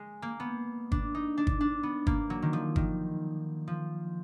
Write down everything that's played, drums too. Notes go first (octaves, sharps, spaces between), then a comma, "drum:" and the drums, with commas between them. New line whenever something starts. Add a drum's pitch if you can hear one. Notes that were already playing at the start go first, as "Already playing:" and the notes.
Already playing: G#3
A#3
B3
D4, drum: kick
D#4
D4
drum: kick
D4
B3
A#3, drum: kick
F#3
D#3
F3
D#3, drum: kick
F3